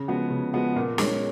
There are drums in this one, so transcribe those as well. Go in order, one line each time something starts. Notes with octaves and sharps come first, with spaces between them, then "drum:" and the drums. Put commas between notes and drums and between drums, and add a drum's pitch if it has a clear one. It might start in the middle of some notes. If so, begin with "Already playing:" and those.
Already playing: C#3
F3 G#3 B3 F#4
C#3
F3 G#3 B3 F#4
A#2
G#3 C#4, drum: snare